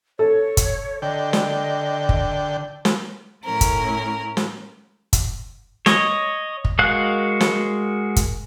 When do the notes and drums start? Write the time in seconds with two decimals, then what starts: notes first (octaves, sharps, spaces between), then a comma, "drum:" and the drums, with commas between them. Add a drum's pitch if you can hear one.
0.19 A4 C#5
0.57 drum: kick, hi-hat
1.02 D3 D#5 G5
1.33 drum: snare
2.09 drum: kick
2.85 drum: snare
3.45 A2 C#4 A#4
3.61 drum: kick, hi-hat
4.37 drum: snare
5.13 drum: kick, hi-hat
5.86 C#5 D#5, drum: snare
6.65 drum: kick
6.79 G#3 F#4 A#4 F5 F#6
7.41 drum: snare
8.16 drum: kick, hi-hat